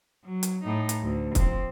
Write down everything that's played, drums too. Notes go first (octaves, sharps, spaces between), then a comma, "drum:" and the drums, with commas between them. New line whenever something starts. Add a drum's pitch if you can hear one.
F#3
drum: hi-hat
A2 D#4
drum: hi-hat
D2
F3 C4, drum: kick, hi-hat